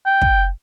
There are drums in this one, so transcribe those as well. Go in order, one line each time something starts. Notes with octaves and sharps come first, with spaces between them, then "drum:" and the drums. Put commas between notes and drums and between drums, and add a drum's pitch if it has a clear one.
G5
drum: kick